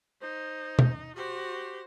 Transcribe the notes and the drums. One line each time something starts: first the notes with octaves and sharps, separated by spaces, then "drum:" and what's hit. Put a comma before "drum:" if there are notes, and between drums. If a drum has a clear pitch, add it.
D#4 C5
drum: tom B2
F#4 G4 C5